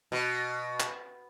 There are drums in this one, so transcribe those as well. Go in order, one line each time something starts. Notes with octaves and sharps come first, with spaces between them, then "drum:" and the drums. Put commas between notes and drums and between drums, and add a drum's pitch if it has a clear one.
B2
drum: clap